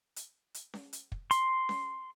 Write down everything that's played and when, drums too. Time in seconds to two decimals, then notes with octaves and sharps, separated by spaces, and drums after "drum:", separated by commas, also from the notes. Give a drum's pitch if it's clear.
0.16 drum: hi-hat
0.54 drum: hi-hat
0.74 drum: snare C#4
0.93 drum: hi-hat
1.12 drum: kick
1.31 C6, drum: hi-hat
1.69 drum: snare C#4